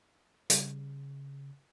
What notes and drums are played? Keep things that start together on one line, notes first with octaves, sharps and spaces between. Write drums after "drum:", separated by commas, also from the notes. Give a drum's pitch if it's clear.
C#3 G3, drum: hi-hat